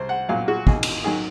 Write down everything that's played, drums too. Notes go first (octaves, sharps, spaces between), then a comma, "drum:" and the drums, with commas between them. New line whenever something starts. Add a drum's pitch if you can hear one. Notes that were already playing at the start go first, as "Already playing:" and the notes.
Already playing: C2 C5
F#5
A#2 F#3 F5
F#4
D#2 G#4, drum: kick
drum: cymbal
D#3 F#3 G#4